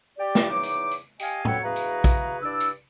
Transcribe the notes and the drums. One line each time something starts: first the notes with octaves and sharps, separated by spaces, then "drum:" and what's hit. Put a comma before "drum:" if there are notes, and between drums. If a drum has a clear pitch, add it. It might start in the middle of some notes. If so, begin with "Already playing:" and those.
G4 D5
drum: snare
E2 D#4 C#5 D6
drum: tambourine
drum: tambourine
G4 D#5 F5 G#5, drum: tambourine
F#4 A4 B4 C#5 G5, drum: tom
E2 F#4 G#4 B4 F5 A#5
drum: tambourine
drum: kick A#1, tambourine
G2 D4 E4 D5 E6
drum: tambourine